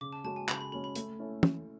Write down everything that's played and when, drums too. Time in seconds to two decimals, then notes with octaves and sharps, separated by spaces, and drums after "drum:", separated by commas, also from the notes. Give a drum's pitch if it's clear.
0.01 C#3 D6
0.13 A5
0.24 G#3 C#4 F#4 A5
0.36 G#5
0.48 C#3 B5, drum: clap
0.61 B5
0.72 G#3 C#4 F#4 B5
0.84 B5
0.95 A3, drum: hi-hat
1.19 C#4 E4 A4 E5
1.43 A3, drum: tom